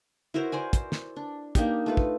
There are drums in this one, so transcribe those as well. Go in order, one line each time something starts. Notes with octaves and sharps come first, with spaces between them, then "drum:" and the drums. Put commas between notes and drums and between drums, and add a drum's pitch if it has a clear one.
E4 F#4 A#4 C5
A#4 C5 D5 G#5
C5, drum: kick, hi-hat
drum: snare
D4
A#3 D4 D#4 G4, drum: kick, hi-hat
A3 F4 B4
drum: kick